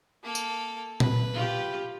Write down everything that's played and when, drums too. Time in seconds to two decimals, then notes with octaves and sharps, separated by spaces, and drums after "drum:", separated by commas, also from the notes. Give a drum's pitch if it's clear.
0.24 A#3 A4
0.35 drum: tambourine
1.00 B4, drum: tom A#2
1.33 F4 G4